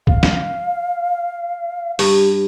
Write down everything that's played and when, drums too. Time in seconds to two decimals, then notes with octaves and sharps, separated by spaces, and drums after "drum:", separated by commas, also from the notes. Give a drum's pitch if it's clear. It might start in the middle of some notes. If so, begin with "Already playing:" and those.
0.07 F5, drum: kick
0.23 drum: snare
1.99 G2 G4, drum: open hi-hat